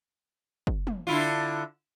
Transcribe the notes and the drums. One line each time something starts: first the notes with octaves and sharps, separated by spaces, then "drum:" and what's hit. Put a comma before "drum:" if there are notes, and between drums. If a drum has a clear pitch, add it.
drum: kick
drum: tom
D3 E4 F4